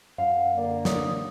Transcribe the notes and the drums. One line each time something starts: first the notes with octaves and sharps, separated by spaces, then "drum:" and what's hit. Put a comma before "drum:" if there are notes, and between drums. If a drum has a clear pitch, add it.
F#2 F5 F#5
D3 A#3 D5
C#5 D5 D#6, drum: snare